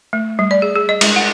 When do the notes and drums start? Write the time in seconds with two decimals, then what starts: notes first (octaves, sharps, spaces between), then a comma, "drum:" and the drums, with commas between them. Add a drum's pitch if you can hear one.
0.13 A3
0.39 G3
0.51 D5
0.62 G#4
0.75 G#4
0.89 D#5
1.01 G#3, drum: cymbal
1.16 F#5